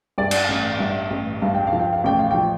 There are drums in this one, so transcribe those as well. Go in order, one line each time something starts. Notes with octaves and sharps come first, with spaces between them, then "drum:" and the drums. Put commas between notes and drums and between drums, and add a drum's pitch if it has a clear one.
G2 D5
drum: cymbal
A1
G2 E5
A1
G2 F5
G5
F5
F3
G5
F5
A1 G5
F5
F3 G5